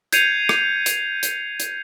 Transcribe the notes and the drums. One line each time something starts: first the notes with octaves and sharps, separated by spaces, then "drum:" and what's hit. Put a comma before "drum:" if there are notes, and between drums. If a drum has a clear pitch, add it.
G6 G#6 C7 C#7 D#7 F7, drum: hi-hat
drum: rim click
drum: hi-hat
drum: hi-hat
drum: hi-hat